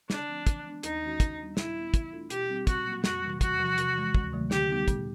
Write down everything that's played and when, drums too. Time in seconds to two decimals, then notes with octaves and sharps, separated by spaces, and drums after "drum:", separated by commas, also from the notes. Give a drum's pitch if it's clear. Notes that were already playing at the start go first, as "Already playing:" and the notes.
0.10 D3 D4, drum: snare
0.28 F3 A3 C4
0.47 E3, drum: kick, hi-hat
0.65 G#3 B3 D4
0.83 D#2 D#4, drum: hi-hat
1.01 D#3 G#3 C#4 F#4
1.20 D#3, drum: kick, hi-hat
1.38 G3 B3 D4
1.57 A#2 E4, drum: snare
1.75 G3 B3
1.94 E3, drum: kick, hi-hat
2.12 A3 D4 F4 A4
2.30 B2 G4, drum: hi-hat
2.49 G3 C4 D#4
2.67 A#2 F#4, drum: kick, hi-hat
2.86 F#3 A#3
3.04 F2 F#4, drum: snare
3.22 C3 E3 G3
3.41 E2 F#4, drum: kick, hi-hat
3.59 C3 F3
3.78 C3, drum: hi-hat
3.96 E3 G#3
4.14 D2, drum: kick
4.32 C3 D#3 F#3 A3
4.51 D3 G4, drum: snare
4.70 G3 B3 D#4
4.88 A#2, drum: kick, hi-hat